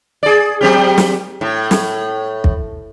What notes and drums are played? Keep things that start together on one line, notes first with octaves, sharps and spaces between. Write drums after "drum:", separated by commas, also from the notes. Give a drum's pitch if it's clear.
G#4 D5
F#3 C4 G4
drum: snare
A2
drum: snare
drum: kick